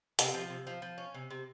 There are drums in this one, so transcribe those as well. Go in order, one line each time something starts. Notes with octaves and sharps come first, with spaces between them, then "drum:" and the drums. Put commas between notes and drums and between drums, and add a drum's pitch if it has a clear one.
C3, drum: hi-hat
F3
C3
F3
F3
C#4
C3
C3